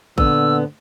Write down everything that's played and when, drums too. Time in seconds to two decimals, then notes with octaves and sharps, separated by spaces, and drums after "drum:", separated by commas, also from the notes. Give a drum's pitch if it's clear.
0.18 A#2 D3 B3 E6, drum: kick